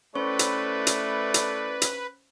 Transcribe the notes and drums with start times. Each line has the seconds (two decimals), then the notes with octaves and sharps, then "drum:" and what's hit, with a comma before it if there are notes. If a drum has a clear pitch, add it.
0.15 A3 C#4 E4 B4 C5 D5 C#6
0.39 drum: hi-hat
0.87 drum: hi-hat
1.34 drum: hi-hat
1.82 drum: hi-hat